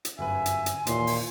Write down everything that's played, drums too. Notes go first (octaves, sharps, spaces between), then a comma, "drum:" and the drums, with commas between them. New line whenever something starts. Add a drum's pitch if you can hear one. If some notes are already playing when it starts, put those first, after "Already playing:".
drum: hi-hat
G1 F#2 B4 E5 G#5
drum: hi-hat
drum: hi-hat
D#2 A#2 E3 C6, drum: hi-hat
drum: open hi-hat